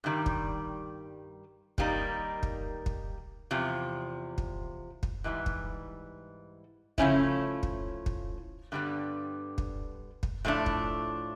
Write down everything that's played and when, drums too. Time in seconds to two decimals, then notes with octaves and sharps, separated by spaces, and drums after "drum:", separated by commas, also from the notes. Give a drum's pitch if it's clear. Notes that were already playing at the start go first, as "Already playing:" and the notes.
0.04 G2 D#3 G3
0.26 drum: kick
1.78 D#3 G3 A#3 D#4, drum: kick
2.43 drum: kick
2.86 drum: kick
3.51 E2 C3 F3
4.38 drum: kick
5.03 drum: kick
5.24 G#2 E3 G3
5.46 drum: kick
6.98 C#3 F3 A3 C#4 E4, drum: kick
7.63 drum: kick
8.06 drum: kick
8.72 G2 D3 G3 B3
9.58 drum: kick
10.23 drum: kick
10.45 A2 F3 A3 D4
10.66 drum: kick